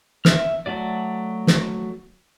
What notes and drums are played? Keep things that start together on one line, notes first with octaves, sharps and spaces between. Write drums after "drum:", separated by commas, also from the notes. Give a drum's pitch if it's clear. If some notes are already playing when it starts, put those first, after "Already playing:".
E5 F6, drum: snare
F#3 A3 F#4 D5
drum: snare